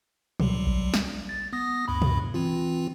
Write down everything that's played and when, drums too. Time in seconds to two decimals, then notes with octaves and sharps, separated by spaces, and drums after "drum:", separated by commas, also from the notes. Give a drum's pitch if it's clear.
0.40 C#2 F#3 G3, drum: tom
0.67 drum: kick A#1
0.94 drum: snare
1.29 A6
1.53 B3 D#6 A#6
1.88 D2 G2 B5
2.02 drum: tom
2.34 E3 C4 F4